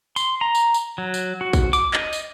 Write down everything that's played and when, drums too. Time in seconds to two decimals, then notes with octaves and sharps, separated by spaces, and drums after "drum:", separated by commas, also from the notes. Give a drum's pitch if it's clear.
0.16 C6, drum: tambourine
0.41 A#5
0.55 drum: tambourine
0.74 drum: tambourine
0.98 F#3
1.14 drum: tambourine
1.41 F#4
1.53 drum: kick, tambourine
1.73 D6, drum: tambourine
1.94 D#5, drum: clap
2.13 drum: tambourine